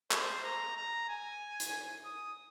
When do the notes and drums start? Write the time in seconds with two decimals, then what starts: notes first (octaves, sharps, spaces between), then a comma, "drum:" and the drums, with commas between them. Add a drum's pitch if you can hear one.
0.11 C5, drum: clap
0.44 A#5
0.77 A#5
1.09 G#5
1.60 drum: hi-hat
2.05 D#6